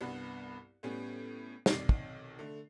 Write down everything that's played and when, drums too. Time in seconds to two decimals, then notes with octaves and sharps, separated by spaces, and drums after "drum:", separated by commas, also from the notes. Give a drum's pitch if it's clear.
0.01 C2 G2 B3 F#5 B5
0.83 A2 G3 B3 C#4
1.66 B1 C3 D#3 D5 C7, drum: snare
1.89 drum: kick
2.39 D3 A3